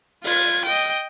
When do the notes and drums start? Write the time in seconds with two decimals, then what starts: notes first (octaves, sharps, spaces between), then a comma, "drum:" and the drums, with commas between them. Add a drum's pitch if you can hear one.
0.24 F4 G#6, drum: open hi-hat
0.65 D#5 G5